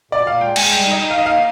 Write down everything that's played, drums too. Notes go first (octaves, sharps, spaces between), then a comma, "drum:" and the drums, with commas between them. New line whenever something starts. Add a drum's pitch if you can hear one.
A#2 D5
A#2 F5
G#3 G5
G#3 G#5, drum: cymbal
G3 G5
D#4
D#5
D#4
F5
D#4 D#5
A#3 F5